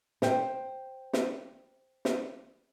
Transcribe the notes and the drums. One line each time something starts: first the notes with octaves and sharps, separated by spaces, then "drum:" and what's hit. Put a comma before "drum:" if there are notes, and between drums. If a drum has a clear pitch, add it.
C5 G5, drum: snare
drum: snare
drum: snare